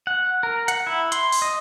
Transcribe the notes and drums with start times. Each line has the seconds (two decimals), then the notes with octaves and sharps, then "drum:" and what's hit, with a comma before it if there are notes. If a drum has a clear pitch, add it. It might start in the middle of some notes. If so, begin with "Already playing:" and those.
0.07 F#5
0.43 A#4
0.68 F#5, drum: hi-hat
0.87 E4
1.12 C6, drum: hi-hat
1.32 drum: open hi-hat
1.42 D#5